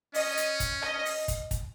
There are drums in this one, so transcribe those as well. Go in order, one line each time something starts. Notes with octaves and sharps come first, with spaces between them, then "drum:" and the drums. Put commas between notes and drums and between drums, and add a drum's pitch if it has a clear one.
C#4 D#5, drum: open hi-hat
drum: hi-hat
drum: kick, hi-hat
D#5, drum: rim click
drum: open hi-hat
drum: kick, hi-hat
drum: kick, hi-hat